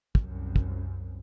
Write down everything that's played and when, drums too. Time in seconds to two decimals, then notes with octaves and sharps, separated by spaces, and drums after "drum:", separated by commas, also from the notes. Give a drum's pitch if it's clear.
0.15 C2 F#2, drum: kick
0.56 drum: kick